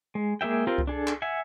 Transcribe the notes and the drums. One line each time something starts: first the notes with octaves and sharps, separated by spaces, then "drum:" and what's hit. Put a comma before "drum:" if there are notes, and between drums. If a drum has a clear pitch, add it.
G#3
G#3 A#3 G#4 E5 G5
C4 F4 G4 A#4
drum: kick C2
D4 G#4 A4
drum: clap
E5 F#5 G#5